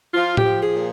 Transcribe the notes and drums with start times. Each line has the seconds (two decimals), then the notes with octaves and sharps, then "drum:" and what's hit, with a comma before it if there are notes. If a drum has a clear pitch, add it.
0.14 F3 F4
0.37 G4, drum: tom A2
0.44 F3
0.60 G#4
0.74 A#2